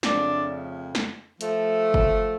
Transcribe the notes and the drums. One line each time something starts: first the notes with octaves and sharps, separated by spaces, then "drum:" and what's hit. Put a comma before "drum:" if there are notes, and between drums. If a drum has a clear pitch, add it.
F2 C#3 F3 A3 D4, drum: snare
drum: snare
F3 A3, drum: hi-hat
drum: kick